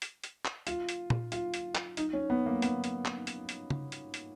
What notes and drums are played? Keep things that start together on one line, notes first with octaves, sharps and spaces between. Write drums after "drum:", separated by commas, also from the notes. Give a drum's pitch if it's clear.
drum: hi-hat
drum: hi-hat
drum: clap
F4, drum: hi-hat
drum: hi-hat
drum: tom
F4, drum: hi-hat
drum: hi-hat
drum: clap
D#4, drum: hi-hat
C#4
B3
A#3
B3, drum: hi-hat
drum: hi-hat
drum: clap
drum: hi-hat
drum: hi-hat
drum: tom C#3
drum: hi-hat
drum: hi-hat